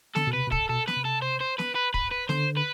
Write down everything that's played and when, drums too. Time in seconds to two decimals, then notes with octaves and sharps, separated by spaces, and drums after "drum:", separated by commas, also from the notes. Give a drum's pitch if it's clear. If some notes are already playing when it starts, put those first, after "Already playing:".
0.15 D3 A4, drum: snare
0.27 B2
0.33 C3 B4
0.47 B2
0.52 C3 A4, drum: kick
0.69 B2 A4
0.88 B4, drum: snare
0.97 C3
1.05 A4
1.22 C5
1.41 C5
1.59 B4, drum: snare
1.76 B4
1.94 B4, drum: kick
2.11 B4
2.29 D3 C5, drum: snare
2.57 B4